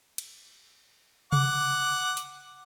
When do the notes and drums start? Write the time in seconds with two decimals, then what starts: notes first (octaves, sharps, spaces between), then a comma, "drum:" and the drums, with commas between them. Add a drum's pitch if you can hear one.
0.18 drum: cymbal
1.32 F#5 D6, drum: tom C3
2.17 drum: hi-hat